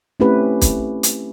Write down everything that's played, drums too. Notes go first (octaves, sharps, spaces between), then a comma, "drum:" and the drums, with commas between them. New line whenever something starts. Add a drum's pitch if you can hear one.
A3 C4 C#4 E4 G4 B4
drum: kick, hi-hat
drum: hi-hat